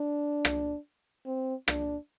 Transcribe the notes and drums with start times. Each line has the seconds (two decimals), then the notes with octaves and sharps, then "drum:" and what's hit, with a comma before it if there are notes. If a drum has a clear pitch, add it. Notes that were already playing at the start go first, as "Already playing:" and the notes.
Already playing: D4
0.45 drum: rim click
1.26 C4
1.68 D4, drum: rim click